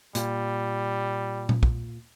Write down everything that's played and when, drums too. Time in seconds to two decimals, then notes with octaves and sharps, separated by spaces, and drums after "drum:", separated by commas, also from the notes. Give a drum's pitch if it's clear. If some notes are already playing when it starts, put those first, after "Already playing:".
0.15 A#2 G3, drum: hi-hat
1.49 drum: tom A#2
1.63 drum: kick